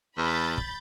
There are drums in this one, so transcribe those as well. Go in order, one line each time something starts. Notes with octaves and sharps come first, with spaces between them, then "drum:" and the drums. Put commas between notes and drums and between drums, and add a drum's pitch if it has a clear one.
E2 B5 G6 A6
drum: kick